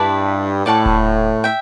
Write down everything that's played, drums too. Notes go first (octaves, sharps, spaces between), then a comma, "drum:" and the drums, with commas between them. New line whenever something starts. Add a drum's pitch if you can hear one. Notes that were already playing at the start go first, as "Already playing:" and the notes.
Already playing: G2 E4 B4 D5 A5
A2 D5 F#5 A5 C#6
drum: kick D#1
E5 G5